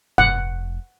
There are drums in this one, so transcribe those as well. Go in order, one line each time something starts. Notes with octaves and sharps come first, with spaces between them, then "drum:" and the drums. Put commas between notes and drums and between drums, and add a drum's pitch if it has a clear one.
F1 F#5, drum: tom G2